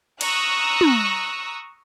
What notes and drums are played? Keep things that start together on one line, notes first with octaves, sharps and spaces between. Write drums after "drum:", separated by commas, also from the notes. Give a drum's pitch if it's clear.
A#5 C#6 D#6 E6 F#6, drum: cymbal
drum: tom